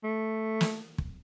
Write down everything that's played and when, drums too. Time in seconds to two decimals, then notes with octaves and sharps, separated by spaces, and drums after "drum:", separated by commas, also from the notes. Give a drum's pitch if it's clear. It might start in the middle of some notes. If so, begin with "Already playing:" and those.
0.04 A3
0.61 drum: snare
0.98 drum: kick